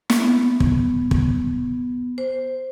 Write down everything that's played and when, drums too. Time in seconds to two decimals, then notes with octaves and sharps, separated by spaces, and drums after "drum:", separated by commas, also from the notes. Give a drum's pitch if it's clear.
0.10 B3, drum: snare
0.60 drum: kick
1.11 drum: kick
2.18 C5